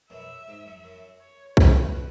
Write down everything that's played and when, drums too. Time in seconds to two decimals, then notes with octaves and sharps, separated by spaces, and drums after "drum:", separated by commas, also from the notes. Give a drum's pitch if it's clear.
0.10 F#2 B2 E5
0.48 G#2
0.66 F#2
0.84 F#2
1.20 C#5
1.57 G#2 B4, drum: kick C2
1.94 B2